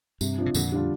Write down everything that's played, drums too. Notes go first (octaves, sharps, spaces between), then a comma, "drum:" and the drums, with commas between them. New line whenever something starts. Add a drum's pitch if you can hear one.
G2 C3, drum: tambourine
F3 D4
C3
F2 A#2 D3, drum: tambourine
G3 D4 F4